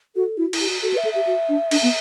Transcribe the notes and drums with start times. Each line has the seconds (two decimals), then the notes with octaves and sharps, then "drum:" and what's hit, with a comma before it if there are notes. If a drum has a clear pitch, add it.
0.16 F#4 A4
0.37 E4 F#4
0.53 E4, drum: cymbal
0.60 G4
0.68 F#4
0.82 F#4 A4
0.93 B4
0.97 E5
1.05 A4
1.12 G4 E5
1.27 F#4
1.49 D4
1.71 D4, drum: cymbal
1.83 B3